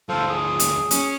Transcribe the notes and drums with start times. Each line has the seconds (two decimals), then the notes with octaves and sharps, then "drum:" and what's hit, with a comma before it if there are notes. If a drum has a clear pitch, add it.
0.09 D2 F3 A4 C5 F5
0.29 G#4
0.60 drum: hi-hat
0.91 C#4, drum: hi-hat